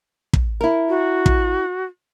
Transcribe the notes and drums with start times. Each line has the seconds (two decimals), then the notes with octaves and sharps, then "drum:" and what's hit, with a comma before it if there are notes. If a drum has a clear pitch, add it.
0.33 drum: kick
0.61 E4 A#4
0.89 F#4
1.26 drum: kick